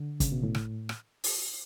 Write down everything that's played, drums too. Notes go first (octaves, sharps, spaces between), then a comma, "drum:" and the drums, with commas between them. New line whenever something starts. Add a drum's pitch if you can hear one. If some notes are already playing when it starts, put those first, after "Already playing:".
Already playing: D3
C#3, drum: kick, hi-hat
B2
A2
drum: rim click
drum: rim click
drum: open hi-hat